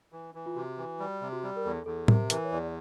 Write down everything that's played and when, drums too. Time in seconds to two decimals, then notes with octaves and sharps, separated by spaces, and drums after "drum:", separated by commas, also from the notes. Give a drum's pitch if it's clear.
0.12 E3
0.34 E3
0.46 F4
0.56 C3 F#4
0.77 E3
1.00 G3
1.21 C3
1.33 F#4
1.43 G3 G4
1.56 A#4
1.64 E2 A4
1.86 E2 A4
2.08 C3 A#4, drum: tom A2
2.30 E3 A#4, drum: hi-hat
2.44 C#5
2.52 E2 D5